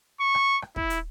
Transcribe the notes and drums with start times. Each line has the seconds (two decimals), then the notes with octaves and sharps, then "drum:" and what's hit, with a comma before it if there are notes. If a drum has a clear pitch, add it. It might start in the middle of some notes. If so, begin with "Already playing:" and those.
0.20 C#6
0.35 drum: rim click
0.62 drum: rim click
0.76 E4, drum: kick
0.90 drum: hi-hat